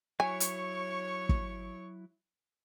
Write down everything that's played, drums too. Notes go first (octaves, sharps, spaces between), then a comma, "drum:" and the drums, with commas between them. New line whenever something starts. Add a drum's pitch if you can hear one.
F#3 E4 C#5 G#5 C#6
drum: hi-hat
drum: kick